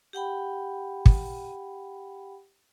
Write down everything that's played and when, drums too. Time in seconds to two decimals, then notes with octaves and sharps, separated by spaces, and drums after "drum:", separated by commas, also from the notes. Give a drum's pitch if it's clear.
0.13 G4 F#5 G5 B5
1.06 drum: kick